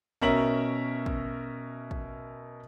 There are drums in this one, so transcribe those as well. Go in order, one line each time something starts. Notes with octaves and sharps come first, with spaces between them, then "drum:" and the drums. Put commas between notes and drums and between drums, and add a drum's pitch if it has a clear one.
B2 C#4 A#4 E5 A#5 F#7, drum: kick
drum: kick
drum: kick